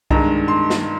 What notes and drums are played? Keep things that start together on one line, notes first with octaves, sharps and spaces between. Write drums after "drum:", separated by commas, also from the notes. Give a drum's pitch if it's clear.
G2 D#3 G#3 A#5, drum: kick C2
C6
drum: snare